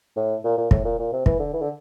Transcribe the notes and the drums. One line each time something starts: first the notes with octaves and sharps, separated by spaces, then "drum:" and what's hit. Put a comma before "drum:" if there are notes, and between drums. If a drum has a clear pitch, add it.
A2
A#2
A#2
A2, drum: kick
A#2
A#2
C3
E3, drum: kick
D3
E3
D3